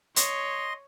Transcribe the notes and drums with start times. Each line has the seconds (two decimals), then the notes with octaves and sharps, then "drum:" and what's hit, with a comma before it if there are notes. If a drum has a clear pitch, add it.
0.16 C#5 D#5 C6, drum: hi-hat